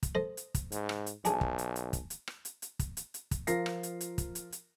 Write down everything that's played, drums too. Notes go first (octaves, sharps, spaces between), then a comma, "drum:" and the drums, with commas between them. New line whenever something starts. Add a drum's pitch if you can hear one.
drum: kick, hi-hat
A4 C5 D#5
drum: hi-hat
drum: kick, hi-hat
G#2, drum: hi-hat
drum: rim click
drum: hi-hat
B1 D4 G#4 G#5 A5, drum: hi-hat
drum: kick
drum: hi-hat
drum: hi-hat
drum: kick, hi-hat
drum: hi-hat
drum: rim click
drum: hi-hat
drum: hi-hat
drum: kick, hi-hat
drum: hi-hat
drum: hi-hat
drum: kick, hi-hat
F3 F4 A#4 A#6 C7, drum: hi-hat
drum: rim click
drum: hi-hat
drum: hi-hat
drum: kick, hi-hat
drum: hi-hat
drum: hi-hat